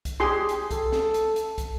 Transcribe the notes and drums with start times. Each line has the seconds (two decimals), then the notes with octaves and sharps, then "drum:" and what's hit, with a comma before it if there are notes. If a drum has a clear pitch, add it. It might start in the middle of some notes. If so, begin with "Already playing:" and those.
0.05 drum: kick, hi-hat
0.20 G4 G#4 C6
0.49 drum: hi-hat
0.71 A4, drum: kick, hi-hat
0.92 drum: snare
1.14 drum: hi-hat
1.36 drum: hi-hat
1.58 drum: kick, hi-hat